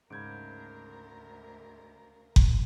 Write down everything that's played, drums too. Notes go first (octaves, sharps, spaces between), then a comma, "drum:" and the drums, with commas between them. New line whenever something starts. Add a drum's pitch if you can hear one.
D2 G#2 C#3 A#4 B5 G6 G#6 D7
drum: kick F#1